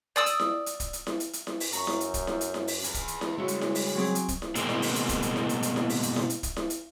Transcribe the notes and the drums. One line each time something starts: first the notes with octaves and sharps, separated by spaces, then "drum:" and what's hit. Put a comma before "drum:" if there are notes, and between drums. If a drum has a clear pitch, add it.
D5 D#6 E6
drum: hi-hat
drum: snare E4
drum: hi-hat
drum: kick, hi-hat
drum: hi-hat
drum: snare E4
drum: hi-hat
drum: hi-hat
drum: snare E4
drum: open hi-hat
F#2 A#5 C#6, drum: hi-hat
drum: snare E4
drum: hi-hat
drum: kick, hi-hat
drum: snare E4
drum: hi-hat
drum: snare E4
drum: open hi-hat
G#4 B4, drum: hi-hat
drum: kick, hi-hat
drum: hi-hat
drum: snare E4
C#3 G3 G#3 E4 F#4
drum: hi-hat
drum: snare E4
drum: open hi-hat
F#3 C4 G#4
drum: hi-hat
drum: kick, hi-hat
drum: snare E4
B2 G#3 A#3 C4, drum: hi-hat
drum: snare E4
drum: open hi-hat
drum: hi-hat
drum: kick, hi-hat
drum: hi-hat
drum: snare E4
drum: hi-hat
drum: hi-hat
drum: snare E4
drum: open hi-hat
drum: hi-hat
drum: snare E4
drum: hi-hat
drum: kick, hi-hat
drum: snare E4
drum: hi-hat